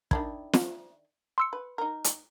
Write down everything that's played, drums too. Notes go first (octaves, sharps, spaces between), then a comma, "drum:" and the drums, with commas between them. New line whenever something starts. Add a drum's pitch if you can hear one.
D#3 D4 E4 G#6, drum: kick
drum: snare
C6 E6 C#7
B4
D#4 A#4
drum: hi-hat